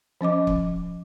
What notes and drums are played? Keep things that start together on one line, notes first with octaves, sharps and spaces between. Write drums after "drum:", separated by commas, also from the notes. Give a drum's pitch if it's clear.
F3 C#4 D#5 D6
drum: kick C#1